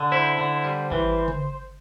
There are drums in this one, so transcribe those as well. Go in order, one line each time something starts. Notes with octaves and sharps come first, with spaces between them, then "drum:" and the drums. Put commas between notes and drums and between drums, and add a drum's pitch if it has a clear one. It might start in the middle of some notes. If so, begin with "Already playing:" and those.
Already playing: D3
E4 C5
D3
G3
E3, drum: kick G#1
drum: tom C#3